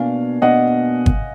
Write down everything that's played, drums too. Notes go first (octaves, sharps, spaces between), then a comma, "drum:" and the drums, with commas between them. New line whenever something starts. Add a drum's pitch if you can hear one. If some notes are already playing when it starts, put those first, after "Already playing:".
Already playing: B2 A#3 D4 F5 G#5
B2 A#3 D4 D#5 F#5
drum: kick G1